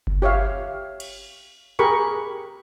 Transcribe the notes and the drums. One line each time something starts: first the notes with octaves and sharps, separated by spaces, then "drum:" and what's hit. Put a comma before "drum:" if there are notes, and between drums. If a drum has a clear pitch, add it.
drum: kick F#1
G4 C#5 E5 F5
drum: cymbal
G4 G#4 A#4 B5 C#6